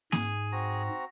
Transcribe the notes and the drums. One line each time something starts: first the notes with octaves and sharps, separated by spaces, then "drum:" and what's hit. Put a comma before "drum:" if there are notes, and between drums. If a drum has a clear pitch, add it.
G#2 G#4, drum: snare A#3
C4 F#4 A#5